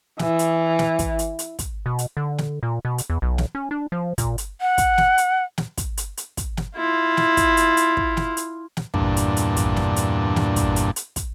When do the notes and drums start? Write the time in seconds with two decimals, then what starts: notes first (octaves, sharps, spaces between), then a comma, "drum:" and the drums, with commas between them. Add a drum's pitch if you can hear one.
0.19 E3, drum: snare
0.39 drum: hi-hat
0.79 drum: snare
0.99 drum: kick, hi-hat
1.19 drum: hi-hat
1.39 drum: hi-hat
1.59 drum: kick, hi-hat
1.86 B2
1.99 drum: hi-hat
2.17 D3
2.38 drum: snare
2.63 A#2
2.85 B2
2.98 drum: hi-hat
3.10 E2
3.22 B1
3.38 drum: snare
3.55 C#4
3.71 D4
3.92 F3
4.18 A#2, drum: kick, hi-hat
4.38 drum: hi-hat
4.61 F#5
4.78 drum: kick, hi-hat
4.98 drum: snare
5.18 drum: hi-hat
5.58 drum: snare
5.78 drum: kick, hi-hat
5.97 drum: hi-hat
6.17 drum: hi-hat
6.37 drum: kick, hi-hat
6.57 drum: snare
6.75 E4 F4
7.17 drum: snare
7.37 drum: kick, hi-hat
7.57 drum: hi-hat
7.77 drum: hi-hat
7.97 drum: kick
8.17 drum: snare
8.37 drum: hi-hat
8.77 drum: snare
8.94 E2 G2 A#2 D4, drum: kick
9.17 drum: hi-hat
9.37 drum: hi-hat
9.56 drum: kick, hi-hat
9.76 drum: snare
9.96 drum: hi-hat
10.36 drum: snare
10.56 drum: kick, hi-hat
10.76 drum: hi-hat
10.96 drum: hi-hat
11.16 drum: kick, hi-hat